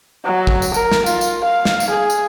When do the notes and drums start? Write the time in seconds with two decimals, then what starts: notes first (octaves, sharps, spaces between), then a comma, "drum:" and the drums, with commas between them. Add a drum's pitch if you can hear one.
0.25 F#3
0.47 drum: kick
0.62 drum: tambourine
0.74 A#4, drum: tambourine
0.92 drum: snare
1.06 F4, drum: tambourine
1.21 drum: tambourine
1.44 F5
1.65 drum: snare
1.80 drum: tambourine
1.90 G#4
2.10 drum: tambourine